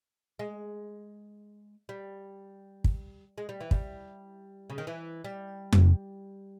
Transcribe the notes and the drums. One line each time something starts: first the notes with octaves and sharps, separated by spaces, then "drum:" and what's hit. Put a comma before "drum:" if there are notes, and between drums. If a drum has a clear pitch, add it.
G#3
G3
drum: kick
G#3
G3
E3
G3, drum: kick
C#3
D#3
E3
G3
drum: tom F2